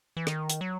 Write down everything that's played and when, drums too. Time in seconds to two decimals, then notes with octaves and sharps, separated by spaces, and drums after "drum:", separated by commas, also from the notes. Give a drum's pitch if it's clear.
0.17 E3
0.27 D#3, drum: rim click
0.50 drum: hi-hat
0.61 F#3